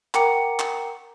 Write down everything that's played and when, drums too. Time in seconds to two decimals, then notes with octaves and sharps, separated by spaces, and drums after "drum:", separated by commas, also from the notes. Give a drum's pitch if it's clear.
0.14 A#4 F#5 G5 A#5 D6 C#7, drum: clap
0.59 drum: clap